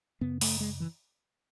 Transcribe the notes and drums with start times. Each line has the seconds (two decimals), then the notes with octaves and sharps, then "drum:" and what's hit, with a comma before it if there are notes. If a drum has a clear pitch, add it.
0.21 F#2 C#3 B3
0.41 A3, drum: open hi-hat
0.60 G#3
0.80 E3